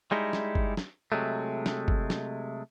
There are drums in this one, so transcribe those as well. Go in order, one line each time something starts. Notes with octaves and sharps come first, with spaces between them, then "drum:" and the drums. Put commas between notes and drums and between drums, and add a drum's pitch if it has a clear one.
G3 G#3 D#4 E4
drum: snare
drum: kick G1
drum: snare
C3 F#3 G#3 A3
drum: snare
drum: kick G1
drum: snare